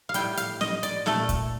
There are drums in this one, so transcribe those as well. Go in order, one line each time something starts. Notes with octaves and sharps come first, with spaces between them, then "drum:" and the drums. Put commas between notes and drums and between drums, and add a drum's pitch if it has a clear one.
F5
A2 G3 G5, drum: hi-hat
F5, drum: hi-hat
D#5, drum: snare
D5, drum: hi-hat
A#2 A3 A4, drum: snare
drum: kick, hi-hat